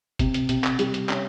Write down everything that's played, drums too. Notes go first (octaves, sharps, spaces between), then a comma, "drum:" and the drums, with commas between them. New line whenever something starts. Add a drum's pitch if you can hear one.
C3, drum: kick, hi-hat
drum: hi-hat
C3, drum: hi-hat
drum: clap
G3, drum: hi-hat
drum: hi-hat
C#4, drum: clap